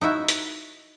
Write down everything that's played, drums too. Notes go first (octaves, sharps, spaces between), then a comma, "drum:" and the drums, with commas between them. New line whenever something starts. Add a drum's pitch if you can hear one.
D#4 E4 F#4 E5
drum: hi-hat